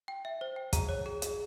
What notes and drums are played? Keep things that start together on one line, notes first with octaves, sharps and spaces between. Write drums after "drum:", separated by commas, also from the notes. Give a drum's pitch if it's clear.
G5
E5
C5
G5
G#4 A#5, drum: kick, hi-hat
C#5
G#4
G#4, drum: hi-hat